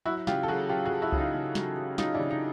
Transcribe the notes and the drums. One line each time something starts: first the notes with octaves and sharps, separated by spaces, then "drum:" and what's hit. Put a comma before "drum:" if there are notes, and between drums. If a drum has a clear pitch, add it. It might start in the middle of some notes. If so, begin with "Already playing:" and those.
F#3 E4 F#4
C#3 F4 G4, drum: snare
A4
F#3 F#4 G#4
F#3 F4 G4
F#4 G#4
F#3
E4 F#4
C#3, drum: kick C2
D#4 F4
C#3
F#3, drum: snare
F#3
F#3 D#4 F4, drum: snare
D4 E4
C#3
D#4